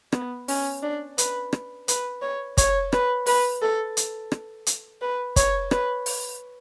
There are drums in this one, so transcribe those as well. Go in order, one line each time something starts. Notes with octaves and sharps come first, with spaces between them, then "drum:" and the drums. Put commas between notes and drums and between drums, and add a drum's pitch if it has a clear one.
B3, drum: rim click
C#4, drum: open hi-hat
D4
B4, drum: hi-hat
drum: rim click
B4, drum: hi-hat
C#5
C#5, drum: kick, hi-hat
B4, drum: rim click
B4, drum: open hi-hat
A4
drum: hi-hat
drum: rim click
drum: hi-hat
B4
C#5, drum: kick, hi-hat
B4, drum: rim click
drum: open hi-hat